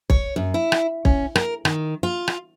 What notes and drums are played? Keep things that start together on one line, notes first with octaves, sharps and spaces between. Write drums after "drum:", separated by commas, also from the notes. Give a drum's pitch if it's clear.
C#5, drum: kick
F#2
E4
drum: rim click
C#4, drum: kick
A#4, drum: rim click
D#3, drum: rim click
F4
drum: rim click